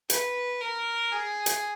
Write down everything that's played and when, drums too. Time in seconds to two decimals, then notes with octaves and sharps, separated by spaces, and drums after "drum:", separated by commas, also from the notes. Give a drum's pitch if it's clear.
0.10 B4, drum: hi-hat
0.61 A#4
1.12 G#4
1.46 drum: hi-hat